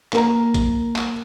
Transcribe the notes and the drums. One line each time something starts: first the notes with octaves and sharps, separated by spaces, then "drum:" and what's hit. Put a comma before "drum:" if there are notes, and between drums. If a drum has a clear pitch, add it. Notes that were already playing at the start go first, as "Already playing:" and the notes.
A#3 A#4 A#5, drum: clap
drum: kick, hi-hat
drum: clap